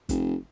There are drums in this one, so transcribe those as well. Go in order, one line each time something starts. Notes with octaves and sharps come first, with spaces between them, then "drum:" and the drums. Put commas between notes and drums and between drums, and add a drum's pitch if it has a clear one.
F1, drum: kick, hi-hat